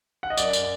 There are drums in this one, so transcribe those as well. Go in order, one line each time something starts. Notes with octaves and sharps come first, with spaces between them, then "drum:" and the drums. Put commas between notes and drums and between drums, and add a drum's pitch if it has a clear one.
F#5
D#5
F#2 D5, drum: tambourine
drum: tambourine